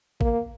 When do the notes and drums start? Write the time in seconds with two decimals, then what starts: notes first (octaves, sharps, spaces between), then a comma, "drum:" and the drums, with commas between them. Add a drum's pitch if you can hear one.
0.21 A#3, drum: kick G#1